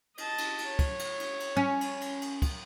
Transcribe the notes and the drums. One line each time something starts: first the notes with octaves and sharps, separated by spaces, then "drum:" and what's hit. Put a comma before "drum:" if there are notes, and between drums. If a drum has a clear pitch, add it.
D#5 A5, drum: cymbal
drum: cymbal
drum: cymbal
C#5
drum: kick, cymbal
drum: cymbal
drum: cymbal
drum: cymbal
C#4
drum: cymbal
drum: cymbal
drum: cymbal
drum: kick, cymbal